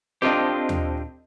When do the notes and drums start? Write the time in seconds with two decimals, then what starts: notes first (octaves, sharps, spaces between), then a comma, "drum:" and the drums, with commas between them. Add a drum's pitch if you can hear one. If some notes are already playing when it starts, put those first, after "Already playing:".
0.22 C4 D4 F4 G4 A4 D#5
0.69 drum: tom